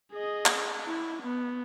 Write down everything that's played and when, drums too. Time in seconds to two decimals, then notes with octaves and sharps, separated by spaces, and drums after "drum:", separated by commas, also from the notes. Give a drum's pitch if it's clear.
0.13 G#4 D#5
0.46 drum: clap
0.86 E4
1.23 B3